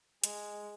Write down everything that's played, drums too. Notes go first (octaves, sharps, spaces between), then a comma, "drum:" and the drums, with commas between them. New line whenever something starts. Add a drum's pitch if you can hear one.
G#3, drum: hi-hat